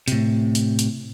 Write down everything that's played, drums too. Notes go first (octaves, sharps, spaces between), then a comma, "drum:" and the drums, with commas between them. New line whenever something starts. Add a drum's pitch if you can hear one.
A2 C3, drum: hi-hat
drum: hi-hat
drum: hi-hat